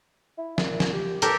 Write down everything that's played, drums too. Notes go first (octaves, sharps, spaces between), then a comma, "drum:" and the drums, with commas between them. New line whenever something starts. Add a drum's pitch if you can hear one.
E4
A#2, drum: snare
drum: snare
G4
G2 G4 A4 A#4, drum: hi-hat